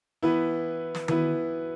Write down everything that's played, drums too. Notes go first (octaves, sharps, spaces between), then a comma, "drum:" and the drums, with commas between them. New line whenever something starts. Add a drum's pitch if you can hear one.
E3 B3 E4 B4
drum: snare
E3 B3 E4 B4, drum: tom D#3